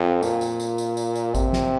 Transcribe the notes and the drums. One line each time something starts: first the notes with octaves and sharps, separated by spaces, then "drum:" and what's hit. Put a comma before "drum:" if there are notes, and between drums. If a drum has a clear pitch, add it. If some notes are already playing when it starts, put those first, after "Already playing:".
Already playing: F2
A#2, drum: tambourine
drum: tambourine
drum: tambourine
drum: tambourine
drum: tambourine
drum: tambourine
C3, drum: kick G#1, tambourine
drum: snare